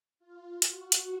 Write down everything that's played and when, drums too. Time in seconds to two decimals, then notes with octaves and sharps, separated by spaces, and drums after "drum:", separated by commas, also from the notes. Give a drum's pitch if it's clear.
0.19 F4
0.62 F#4, drum: hi-hat
0.92 drum: hi-hat